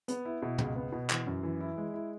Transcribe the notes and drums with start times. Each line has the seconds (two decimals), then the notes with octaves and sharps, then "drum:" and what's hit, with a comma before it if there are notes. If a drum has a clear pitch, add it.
0.08 B3, drum: hi-hat
0.25 E4
0.42 B2
0.58 C#2, drum: tom
0.76 B3
0.92 B2
1.10 E3, drum: clap
1.27 F#2
1.43 E3
1.61 E4
1.77 G#3
1.94 E4